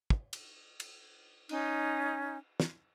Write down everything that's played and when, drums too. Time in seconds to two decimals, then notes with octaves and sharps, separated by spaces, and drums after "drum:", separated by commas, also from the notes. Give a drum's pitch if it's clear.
0.10 drum: kick
0.33 drum: cymbal
0.80 drum: cymbal
1.49 C#4 D#4, drum: cymbal
2.60 drum: snare